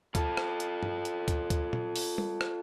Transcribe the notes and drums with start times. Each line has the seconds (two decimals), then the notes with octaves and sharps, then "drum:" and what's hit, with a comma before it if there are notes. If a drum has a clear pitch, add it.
0.15 F4 A4, drum: kick, hi-hat
0.37 drum: rim click
0.60 drum: hi-hat
0.83 drum: tom G2
1.05 drum: hi-hat
1.28 drum: kick, hi-hat
1.50 drum: kick, hi-hat
1.73 drum: tom
1.96 drum: open hi-hat
2.18 drum: tom G3
2.41 drum: rim click